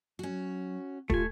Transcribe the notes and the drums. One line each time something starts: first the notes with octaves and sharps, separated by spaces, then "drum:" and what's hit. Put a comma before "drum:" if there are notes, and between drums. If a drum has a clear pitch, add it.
F#3 C#4 F#4
A3 F4 G4 G#5, drum: kick